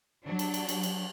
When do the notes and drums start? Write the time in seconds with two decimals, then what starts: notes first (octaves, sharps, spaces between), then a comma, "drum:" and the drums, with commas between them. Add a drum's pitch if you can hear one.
0.24 F#3 D4
0.39 drum: cymbal
0.54 drum: cymbal
0.69 drum: cymbal
0.83 drum: cymbal